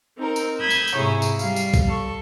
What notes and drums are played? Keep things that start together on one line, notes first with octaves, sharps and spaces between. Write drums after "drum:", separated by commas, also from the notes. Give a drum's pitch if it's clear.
C4 D#4 A#4
drum: tambourine
B5 D#6 E6 G6 G#6
drum: tambourine
drum: tambourine
G#2 C3 E4 G#4 C#5 A#5
drum: tambourine
G3 F5, drum: tambourine
drum: tambourine
drum: kick B1, tambourine
A4 C#6